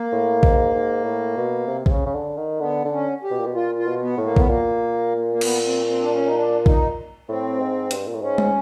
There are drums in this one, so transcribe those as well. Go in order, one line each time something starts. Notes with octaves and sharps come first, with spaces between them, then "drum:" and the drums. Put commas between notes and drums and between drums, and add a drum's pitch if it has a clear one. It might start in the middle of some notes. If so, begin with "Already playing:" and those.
Already playing: A#3
A2
G#2, drum: kick A#1
G#2
A2
B2
C3
C3, drum: kick A#1
C#3
C#3
D3
D#3
D3 B3
D3
C#4
G4
B2
A#2
B2
A#2 F4
F4
B2
B3
A2
A#3
B3, drum: kick A#1
A#2 A#3
A#3
B3, drum: cymbal
C4
C4
D4
C#4
D#4
D4
D#4, drum: kick A#1
A2 C4
G#2
G2, drum: hi-hat
A#2
A2
G#2 C#4
drum: tom G#3